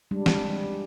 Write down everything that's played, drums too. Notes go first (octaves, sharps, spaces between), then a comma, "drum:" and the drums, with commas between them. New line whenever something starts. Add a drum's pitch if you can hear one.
G3 G#3 D4
drum: snare